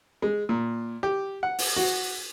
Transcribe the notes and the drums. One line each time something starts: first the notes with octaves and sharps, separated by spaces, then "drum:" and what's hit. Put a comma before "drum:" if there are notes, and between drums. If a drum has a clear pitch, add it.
G#3
A#2
G4
F#5
drum: open hi-hat
F#4